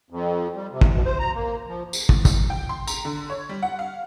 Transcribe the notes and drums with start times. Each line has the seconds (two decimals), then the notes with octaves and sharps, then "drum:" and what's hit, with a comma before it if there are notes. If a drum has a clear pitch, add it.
0.10 F2
0.55 G3
0.71 C3
0.81 drum: kick
0.93 B2
1.05 C5
1.19 A#5
1.35 A#3
1.67 F3
1.93 drum: tambourine
2.09 drum: kick
2.25 drum: kick, tambourine
2.50 G5
2.69 C6
2.87 A#5, drum: tambourine
3.05 D3
3.30 C#5
3.49 G3
3.62 F#5
3.79 F5